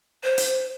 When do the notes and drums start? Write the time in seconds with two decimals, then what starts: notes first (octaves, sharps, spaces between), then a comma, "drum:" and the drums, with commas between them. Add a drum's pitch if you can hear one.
0.24 C5
0.38 drum: hi-hat